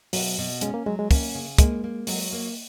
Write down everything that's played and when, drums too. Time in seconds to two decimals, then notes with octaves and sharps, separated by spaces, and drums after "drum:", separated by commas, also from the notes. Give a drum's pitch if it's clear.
0.13 B2 F#3, drum: open hi-hat
0.38 B2
0.61 G#3 C#4, drum: hi-hat
0.74 A#3
0.86 F#3 G#3
0.99 G#3
1.11 A#3 C#4, drum: kick, open hi-hat
1.35 C#3
1.58 G#3 A#3, drum: kick, hi-hat
1.84 A#3
2.07 F#3, drum: open hi-hat
2.33 A#3